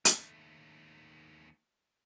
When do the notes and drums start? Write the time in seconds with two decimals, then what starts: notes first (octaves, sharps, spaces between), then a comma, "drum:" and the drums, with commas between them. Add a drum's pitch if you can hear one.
0.05 D#2 A3, drum: hi-hat